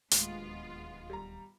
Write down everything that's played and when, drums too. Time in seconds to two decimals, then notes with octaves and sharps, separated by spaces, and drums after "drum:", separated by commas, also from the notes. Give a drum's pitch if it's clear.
0.11 D1 D#2 G#3 B3 F4, drum: hi-hat
1.10 G3 A#5